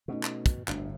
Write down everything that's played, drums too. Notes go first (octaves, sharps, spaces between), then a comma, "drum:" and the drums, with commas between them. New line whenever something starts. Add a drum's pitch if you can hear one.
B2 A3 C#4 D#4
drum: clap
drum: kick, hi-hat
G1 D2 A2, drum: clap